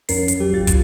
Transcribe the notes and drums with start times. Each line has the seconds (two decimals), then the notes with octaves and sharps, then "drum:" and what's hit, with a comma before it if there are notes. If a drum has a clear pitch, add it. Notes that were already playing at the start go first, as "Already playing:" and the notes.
0.09 F2 C#4 A#4 C7, drum: open hi-hat
0.28 drum: hi-hat
0.40 F#3 G4
0.53 G#1 F#3 F4 A6
0.67 drum: kick, hi-hat